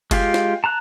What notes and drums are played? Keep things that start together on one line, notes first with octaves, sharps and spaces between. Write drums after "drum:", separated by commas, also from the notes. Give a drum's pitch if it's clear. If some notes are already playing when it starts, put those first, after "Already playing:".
G#3 F4 G4, drum: kick F#1, cymbal
drum: snare
A5 A#5 F#6